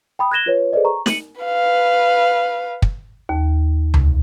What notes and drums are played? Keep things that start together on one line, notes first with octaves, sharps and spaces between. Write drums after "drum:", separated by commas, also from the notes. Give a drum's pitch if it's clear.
G5 B5 D#6
F#6 G#6 A#6 E7 G7
F4 B4 C#5
G#4 A4 B4 C5 D5 D#5
A#5 C#6
C#7 D#7 F#7, drum: snare
B4 F5
drum: kick
D#2
drum: tom C#2